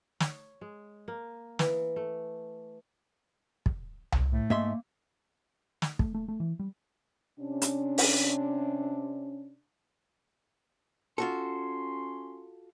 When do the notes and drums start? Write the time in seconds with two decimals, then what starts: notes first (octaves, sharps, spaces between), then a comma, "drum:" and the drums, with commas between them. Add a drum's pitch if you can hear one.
0.20 C#5, drum: snare
0.61 G#3
1.08 A#3
1.59 E3, drum: snare
1.96 A3
3.66 drum: kick
4.12 drum: tom C2
4.33 A2 A3
4.50 G#2 A#3 E5 C6
5.82 drum: snare
5.99 A3, drum: kick
6.14 A3
6.28 A3
6.40 E3
6.59 G3
7.40 C3 C#4 D4
7.62 drum: hi-hat
7.98 drum: open hi-hat
11.18 C#4 F4 F#4 A4 C6